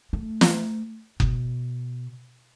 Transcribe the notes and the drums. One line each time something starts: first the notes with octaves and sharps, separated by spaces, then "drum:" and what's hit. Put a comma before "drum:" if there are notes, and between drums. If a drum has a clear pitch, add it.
A3
drum: snare
B2, drum: kick F#1